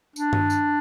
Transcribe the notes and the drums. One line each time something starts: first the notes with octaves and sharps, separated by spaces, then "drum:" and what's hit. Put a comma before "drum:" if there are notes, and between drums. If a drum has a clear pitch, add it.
D4, drum: tambourine
drum: tom G2
drum: tambourine